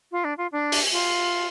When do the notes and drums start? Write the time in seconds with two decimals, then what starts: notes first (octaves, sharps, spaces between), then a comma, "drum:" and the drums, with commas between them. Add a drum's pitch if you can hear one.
0.12 F4
0.24 D4
0.38 F4
0.52 D4
0.72 drum: open hi-hat
0.92 F4